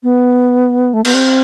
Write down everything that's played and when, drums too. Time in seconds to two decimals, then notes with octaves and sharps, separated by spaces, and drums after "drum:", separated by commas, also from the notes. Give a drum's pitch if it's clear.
0.03 B3
0.93 A3
1.05 B3, drum: cymbal
1.14 C4